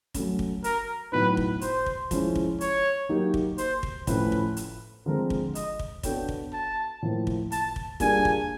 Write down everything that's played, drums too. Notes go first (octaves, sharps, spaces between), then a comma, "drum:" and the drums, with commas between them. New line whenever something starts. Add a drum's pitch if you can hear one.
F#3 A3 C#4, drum: kick, hi-hat
drum: kick
A#4, drum: hi-hat
A2 F#3 B3 D#4 B4
drum: kick
C5, drum: hi-hat
drum: kick
F3 G#3 C#4 E4, drum: kick, hi-hat
drum: kick
C#5, drum: hi-hat
F#3 A#3 D#4 G4
drum: kick
C5, drum: hi-hat
drum: kick
A2 F3 A3 C#4 B4, drum: kick, hi-hat
drum: kick
drum: hi-hat
D3 F3 G#3 C4 A#4
drum: kick
D#5, drum: hi-hat
drum: kick
B3 D4 F#4 A4 C#5 G5, drum: kick, hi-hat
drum: kick
A5
A2 F3 A#3
drum: kick
A5, drum: hi-hat
drum: kick
G3 A#3 D4 F4 G#4 G#5, drum: kick, hi-hat
drum: kick